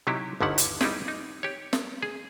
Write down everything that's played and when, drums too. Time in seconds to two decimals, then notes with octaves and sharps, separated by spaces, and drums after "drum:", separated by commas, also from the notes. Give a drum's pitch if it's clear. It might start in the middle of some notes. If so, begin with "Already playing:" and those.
0.07 C3 F#3 D#4 E4 G4
0.41 G1 D#2 D3 D#3 E4 F#5
0.58 drum: hi-hat
0.81 G3 D#4 E4 G4 G#4, drum: snare
1.08 D#4
1.43 G4 C#5
1.73 drum: snare
2.03 G#4